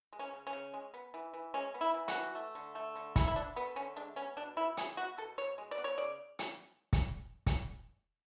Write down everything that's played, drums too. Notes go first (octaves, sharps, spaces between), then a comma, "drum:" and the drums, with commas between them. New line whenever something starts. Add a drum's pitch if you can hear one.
G#3
C#4
C#3
C#4
C#3
G#3
B3
E3
E3
G#3 C#4
B3
E4
E3
F#4, drum: hi-hat
E3
A3
D3
A3
D3
A3 E4, drum: kick, hi-hat
E4
D3 D4
A3 B3
D3 C#4
G#3 D4
B3 C#4
B2 D4
B2 E4
G#3 G#4, drum: hi-hat
B3 F#4
B2 A4
B2 C#5
G#3
D5
B3
C#5
C#3 D5
drum: hi-hat
drum: kick, hi-hat
drum: kick, hi-hat